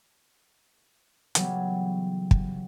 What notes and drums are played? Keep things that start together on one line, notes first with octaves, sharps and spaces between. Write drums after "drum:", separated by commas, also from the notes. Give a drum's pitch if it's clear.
C#3 E3 F#3 G3 A3 B3, drum: hi-hat
drum: kick